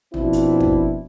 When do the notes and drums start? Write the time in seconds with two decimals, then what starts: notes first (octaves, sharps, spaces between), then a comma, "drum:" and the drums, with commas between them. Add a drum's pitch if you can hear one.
0.14 B2 F3 C4 D4 E4, drum: tom
0.33 drum: hi-hat
0.60 drum: kick